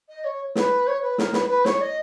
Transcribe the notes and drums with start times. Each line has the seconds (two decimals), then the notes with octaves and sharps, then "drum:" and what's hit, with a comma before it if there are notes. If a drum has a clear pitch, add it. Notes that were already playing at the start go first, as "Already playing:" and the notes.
0.09 D#5
0.24 C#5
0.55 B4, drum: snare
0.87 C#5
1.02 B4
1.18 A#4, drum: snare
1.33 B4, drum: snare
1.49 B4
1.65 C#5, drum: snare
1.81 D#5